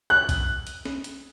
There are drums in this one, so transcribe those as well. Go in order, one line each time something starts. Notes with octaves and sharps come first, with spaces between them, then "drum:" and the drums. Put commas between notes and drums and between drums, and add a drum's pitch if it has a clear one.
F#6
drum: kick B1, hi-hat
drum: hi-hat
drum: snare
drum: hi-hat